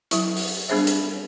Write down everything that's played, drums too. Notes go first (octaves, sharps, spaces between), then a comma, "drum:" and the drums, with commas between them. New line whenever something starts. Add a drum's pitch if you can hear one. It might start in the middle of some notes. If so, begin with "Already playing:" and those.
F#3 E4, drum: hi-hat
drum: open hi-hat
G3 B3 D4 G#4 C5 E5
drum: hi-hat